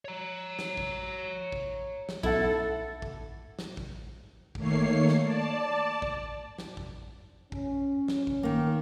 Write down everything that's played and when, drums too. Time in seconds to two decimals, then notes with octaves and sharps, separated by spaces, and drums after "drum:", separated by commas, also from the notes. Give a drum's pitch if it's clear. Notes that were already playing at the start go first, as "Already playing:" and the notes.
0.05 C#5 A#5
0.59 drum: snare
0.77 drum: kick
1.52 drum: kick
2.09 drum: snare
2.23 B1 E4 A4 F#5
3.02 drum: kick
3.59 drum: snare
3.77 drum: kick
4.55 D#3 A3 A#3 C#5 C7, drum: kick
5.09 drum: snare
5.22 D5 A5
6.02 drum: kick
6.58 drum: snare
6.77 drum: kick
7.52 C#4, drum: kick
8.08 drum: snare
8.27 drum: kick
8.43 D#3 A#3